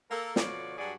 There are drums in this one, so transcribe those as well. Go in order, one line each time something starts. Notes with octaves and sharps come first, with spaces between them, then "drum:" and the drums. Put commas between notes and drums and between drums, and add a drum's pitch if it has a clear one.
A#3 A4 A#4
B2 D3 F3 F#4 C#5 D5, drum: snare
G2 F#3 F#4 G#4 D5